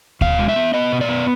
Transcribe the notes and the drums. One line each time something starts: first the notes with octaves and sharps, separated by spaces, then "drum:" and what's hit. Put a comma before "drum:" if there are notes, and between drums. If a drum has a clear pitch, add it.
B2 F5, drum: kick D2
G#3
E5
B3
B3 D#5
B2
D5
B3